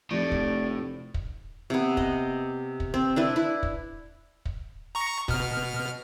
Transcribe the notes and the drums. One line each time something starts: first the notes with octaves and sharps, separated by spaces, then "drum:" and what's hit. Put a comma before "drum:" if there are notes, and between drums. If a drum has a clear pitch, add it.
F1 A2 F3 D5
drum: kick
drum: kick
C3 B3
D#5, drum: kick
drum: kick
C4
D4 E4 B4
E4
drum: kick
drum: kick
A#5 C#6
B2 F6, drum: kick